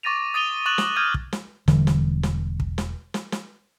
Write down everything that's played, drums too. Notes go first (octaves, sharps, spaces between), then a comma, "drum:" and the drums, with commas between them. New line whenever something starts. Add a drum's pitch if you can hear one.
C#6 D6 A6 A#6 D#7 F7
D#6 A6 D#7 F7 G7
C#6 F#6 A6 E7 F#7
drum: snare
D#6 F6 G6 G#6 D#7
drum: kick
drum: snare
E1 D3 E3 G3, drum: snare
drum: snare
drum: snare
drum: kick
drum: snare
drum: snare
drum: snare